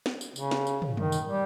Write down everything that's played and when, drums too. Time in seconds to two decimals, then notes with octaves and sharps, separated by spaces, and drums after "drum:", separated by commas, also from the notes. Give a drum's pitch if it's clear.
0.06 drum: snare
0.21 drum: tambourine
0.36 C#3, drum: tambourine
0.51 drum: snare
0.67 drum: tambourine
0.82 drum: tom
0.97 D#3, drum: tom
1.12 drum: tambourine
1.27 G3